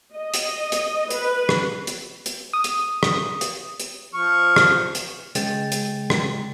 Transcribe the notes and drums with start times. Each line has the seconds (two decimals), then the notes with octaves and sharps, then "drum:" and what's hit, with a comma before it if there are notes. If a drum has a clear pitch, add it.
0.14 D#5
0.34 drum: hi-hat
0.72 drum: hi-hat
1.10 B4, drum: hi-hat
1.49 drum: rim click
1.87 drum: hi-hat
2.26 drum: hi-hat
2.53 D#6
2.64 drum: hi-hat
3.03 drum: rim click
3.41 drum: hi-hat
3.80 drum: hi-hat
4.14 F3 C#6 F6
4.56 drum: rim click
4.95 drum: hi-hat
5.35 C#3 G#3 G5 A6, drum: hi-hat
5.72 drum: hi-hat
6.10 drum: rim click